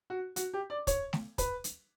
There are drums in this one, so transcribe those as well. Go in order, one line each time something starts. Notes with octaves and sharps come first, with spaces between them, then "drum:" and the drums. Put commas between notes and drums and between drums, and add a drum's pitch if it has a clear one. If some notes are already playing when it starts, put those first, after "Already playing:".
F#4
F#4, drum: hi-hat
G4
D5
C#5, drum: kick, hi-hat
drum: snare A3
B4, drum: kick, hi-hat
drum: hi-hat